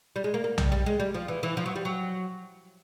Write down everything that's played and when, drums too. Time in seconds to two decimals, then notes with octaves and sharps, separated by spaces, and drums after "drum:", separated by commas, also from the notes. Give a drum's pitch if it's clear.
0.16 G3
0.24 G#3
0.34 A#3
0.44 A#3
0.58 G3, drum: tom B1
0.72 G3
0.86 G#3
1.00 G3
1.14 F3
1.28 E3
1.43 E3
1.57 F3
1.66 F#3
1.76 G3
1.85 F#3